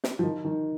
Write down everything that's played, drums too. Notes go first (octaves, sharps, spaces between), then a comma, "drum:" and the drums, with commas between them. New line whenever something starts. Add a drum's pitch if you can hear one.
drum: snare
F3
D#3
D#3